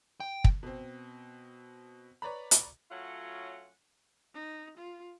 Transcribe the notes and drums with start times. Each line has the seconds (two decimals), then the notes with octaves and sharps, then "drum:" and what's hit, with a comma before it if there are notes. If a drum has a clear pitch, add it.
0.20 G5
0.44 drum: kick
0.63 B2 C4
2.22 B4 C#5 D5 A#5 B5
2.51 drum: hi-hat
2.90 F#3 A3 C#4 F4 F#5
4.34 D#4
4.78 F4